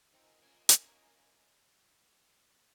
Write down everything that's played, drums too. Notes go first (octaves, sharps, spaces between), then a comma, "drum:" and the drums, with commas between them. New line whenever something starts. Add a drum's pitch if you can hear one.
C4 D#4 F4 A#4 D#5 G#5
A#3 C#4
A#3 C#4, drum: hi-hat